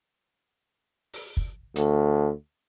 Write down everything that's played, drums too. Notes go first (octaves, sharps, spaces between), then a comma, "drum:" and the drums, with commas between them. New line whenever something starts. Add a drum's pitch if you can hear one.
drum: open hi-hat
drum: kick
D2, drum: hi-hat